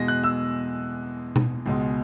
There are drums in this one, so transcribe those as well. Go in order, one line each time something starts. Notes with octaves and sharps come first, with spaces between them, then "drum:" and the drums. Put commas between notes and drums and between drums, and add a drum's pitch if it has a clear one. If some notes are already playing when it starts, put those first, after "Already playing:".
Already playing: E2 B2 G#3 A#6
F#6
E6
drum: tom B2
C#2 B2 G#3